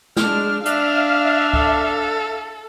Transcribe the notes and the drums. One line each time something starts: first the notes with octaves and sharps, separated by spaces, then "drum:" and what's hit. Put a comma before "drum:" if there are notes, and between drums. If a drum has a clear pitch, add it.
G#3 D4 F6, drum: snare
D4 E5 F5 F6, drum: hi-hat
A4, drum: kick C#2